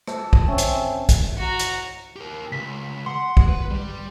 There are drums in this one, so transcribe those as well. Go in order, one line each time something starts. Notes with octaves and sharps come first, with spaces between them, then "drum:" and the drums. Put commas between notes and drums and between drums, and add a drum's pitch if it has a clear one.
A4 E5, drum: rim click
drum: kick
C4 C#4 E5
drum: hi-hat
drum: kick, hi-hat
F#4 A#5
drum: hi-hat
G4 A#4
C#2 B6
F#5 C6
drum: kick
B4
G3 G4